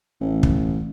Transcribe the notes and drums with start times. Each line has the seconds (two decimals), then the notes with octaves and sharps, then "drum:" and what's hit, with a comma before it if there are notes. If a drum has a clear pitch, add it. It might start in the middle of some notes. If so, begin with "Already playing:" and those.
0.21 A1
0.43 drum: kick